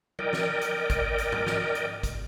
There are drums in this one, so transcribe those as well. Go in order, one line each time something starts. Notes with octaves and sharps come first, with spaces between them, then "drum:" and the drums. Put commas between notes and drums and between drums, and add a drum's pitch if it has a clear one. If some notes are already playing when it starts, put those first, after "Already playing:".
A#4 D5 D#5 G5, drum: tom F#3
drum: snare
drum: hi-hat
drum: kick, hi-hat
drum: hi-hat
drum: tom G#2
drum: snare
drum: hi-hat
drum: kick, hi-hat